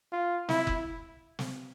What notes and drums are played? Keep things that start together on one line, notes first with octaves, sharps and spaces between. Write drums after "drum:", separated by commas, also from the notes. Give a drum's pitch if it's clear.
F4
E4, drum: snare
drum: kick F#1
drum: snare